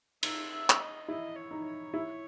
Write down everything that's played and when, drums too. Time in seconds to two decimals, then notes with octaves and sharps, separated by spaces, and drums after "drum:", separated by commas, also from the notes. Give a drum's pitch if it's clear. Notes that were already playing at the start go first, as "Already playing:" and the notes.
0.23 D#4 E5, drum: cymbal
0.51 E5
0.70 drum: clap
0.80 D#5
1.08 E4 D#5
1.36 C#5
1.51 D#4
1.65 C#5
1.94 E4